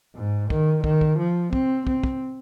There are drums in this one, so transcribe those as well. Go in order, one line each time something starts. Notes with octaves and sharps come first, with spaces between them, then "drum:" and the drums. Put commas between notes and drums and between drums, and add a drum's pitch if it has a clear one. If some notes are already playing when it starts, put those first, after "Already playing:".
G#2
D#3, drum: kick
D#3, drum: kick
drum: kick
F3
C4, drum: kick
C4, drum: kick
drum: kick